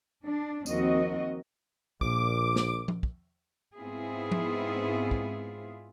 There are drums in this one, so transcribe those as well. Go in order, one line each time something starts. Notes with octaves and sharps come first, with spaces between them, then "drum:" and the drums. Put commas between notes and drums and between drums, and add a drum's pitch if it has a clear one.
D4
D#2 F3 C4 F#4 A#4 D#5, drum: tambourine
A#1 A#2 D6, drum: kick
drum: snare
drum: tom F3
drum: kick
G#2 B3 C4 E4 F4 G#4
drum: tom F3
drum: kick